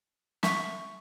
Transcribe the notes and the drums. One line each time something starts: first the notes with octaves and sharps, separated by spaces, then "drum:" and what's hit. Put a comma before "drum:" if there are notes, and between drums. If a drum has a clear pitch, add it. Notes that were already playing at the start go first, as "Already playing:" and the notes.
E5 C#6, drum: snare